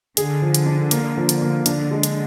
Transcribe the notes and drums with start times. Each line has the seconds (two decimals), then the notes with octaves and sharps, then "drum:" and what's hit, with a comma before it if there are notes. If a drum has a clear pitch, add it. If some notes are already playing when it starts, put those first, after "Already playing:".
0.17 D3 G#4, drum: hi-hat
0.42 F3
0.54 drum: hi-hat
0.66 D4
0.91 A#3, drum: hi-hat
1.17 F3
1.29 drum: hi-hat
1.42 A#3
1.66 D3 D4, drum: hi-hat
1.91 G#3
2.03 drum: hi-hat